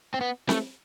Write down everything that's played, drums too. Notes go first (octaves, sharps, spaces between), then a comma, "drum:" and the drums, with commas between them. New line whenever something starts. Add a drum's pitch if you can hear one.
C4
B3
A3, drum: snare C4